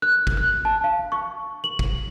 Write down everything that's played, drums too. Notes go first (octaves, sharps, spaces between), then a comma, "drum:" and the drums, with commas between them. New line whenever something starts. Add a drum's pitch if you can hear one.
F#6
drum: kick
F#6
A5
F5
C#6
F#7
drum: kick